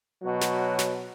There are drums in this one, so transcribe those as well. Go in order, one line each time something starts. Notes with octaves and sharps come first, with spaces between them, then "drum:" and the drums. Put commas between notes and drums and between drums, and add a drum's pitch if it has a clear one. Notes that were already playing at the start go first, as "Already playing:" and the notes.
B2 F#3
drum: snare
drum: snare